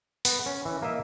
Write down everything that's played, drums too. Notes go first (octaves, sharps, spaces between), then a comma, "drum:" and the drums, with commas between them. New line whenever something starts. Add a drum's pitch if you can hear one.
B3, drum: open hi-hat
C#4
E3
A#3 A#4 D#5 E5